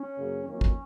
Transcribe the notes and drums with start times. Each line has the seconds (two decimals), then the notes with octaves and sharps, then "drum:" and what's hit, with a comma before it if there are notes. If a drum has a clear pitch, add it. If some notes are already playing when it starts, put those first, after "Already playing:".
Already playing: C#4
0.16 F#2 C#3 F#3 A#3
0.46 F2 D#3 F#3 A#3 C#4
0.61 drum: kick